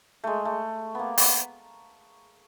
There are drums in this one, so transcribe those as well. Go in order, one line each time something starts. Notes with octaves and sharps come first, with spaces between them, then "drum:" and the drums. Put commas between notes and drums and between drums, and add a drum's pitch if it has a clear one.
G#3 A3
A3
A#3 B3
B3, drum: open hi-hat